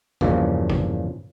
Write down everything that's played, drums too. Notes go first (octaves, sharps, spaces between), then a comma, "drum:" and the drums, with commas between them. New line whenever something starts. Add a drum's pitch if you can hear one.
E2 G2 A#2 C#3 F3 A#3, drum: kick
drum: kick